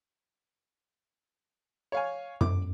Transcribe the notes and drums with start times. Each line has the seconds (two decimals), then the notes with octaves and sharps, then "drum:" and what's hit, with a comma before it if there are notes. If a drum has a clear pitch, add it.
1.92 C#5 F5 G#5
2.41 F#2 D6, drum: tom